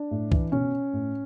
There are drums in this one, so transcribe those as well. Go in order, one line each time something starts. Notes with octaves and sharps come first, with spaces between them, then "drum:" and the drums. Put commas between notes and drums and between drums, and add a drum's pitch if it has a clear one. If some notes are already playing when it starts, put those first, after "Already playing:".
Already playing: D4
A2
E3, drum: kick C2
B2 C#4
A2